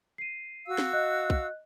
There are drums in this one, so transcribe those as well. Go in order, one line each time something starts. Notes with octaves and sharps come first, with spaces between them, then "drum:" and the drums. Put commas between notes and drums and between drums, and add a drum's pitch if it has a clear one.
C7 D#7
F#4 F5 E6
drum: snare C4
D#5 F#6
drum: kick